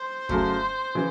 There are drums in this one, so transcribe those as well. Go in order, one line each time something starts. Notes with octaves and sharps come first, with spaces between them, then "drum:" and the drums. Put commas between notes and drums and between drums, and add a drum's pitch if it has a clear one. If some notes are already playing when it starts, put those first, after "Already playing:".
Already playing: C5
F#2 C#3 F#3 A3, drum: kick
C#3 E3